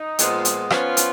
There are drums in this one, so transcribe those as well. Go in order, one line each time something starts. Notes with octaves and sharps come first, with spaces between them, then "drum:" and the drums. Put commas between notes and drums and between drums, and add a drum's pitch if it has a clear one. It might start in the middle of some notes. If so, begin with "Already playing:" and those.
Already playing: D#4
A#2 F3 G#3 B3, drum: hi-hat
drum: hi-hat
F3 B3 C#4 F4, drum: rim click
drum: hi-hat